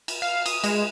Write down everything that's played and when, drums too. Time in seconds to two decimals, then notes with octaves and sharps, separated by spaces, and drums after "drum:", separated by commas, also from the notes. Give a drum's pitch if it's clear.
0.08 drum: cymbal
0.22 F5
0.46 D#6, drum: cymbal
0.64 G#3, drum: cymbal